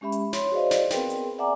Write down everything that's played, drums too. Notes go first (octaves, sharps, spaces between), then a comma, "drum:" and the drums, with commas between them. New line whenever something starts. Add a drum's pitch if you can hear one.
G#3 C#4 G4 E5 B5
drum: hi-hat
C#5 C6, drum: snare
F#4 G#4 C5 D5 D#5 F5
drum: snare
B3 C4 G#4 A#4 B4 G5, drum: snare
drum: hi-hat
D5 E5 F#5 G#5 A#5 D6